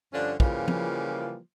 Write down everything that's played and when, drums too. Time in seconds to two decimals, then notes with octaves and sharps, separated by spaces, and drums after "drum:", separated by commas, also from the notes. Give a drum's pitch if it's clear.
0.13 G2 D3 F3 C#4 D4
0.40 C#3 E3 F3 G3 A#3 F4, drum: kick
0.68 drum: tom F3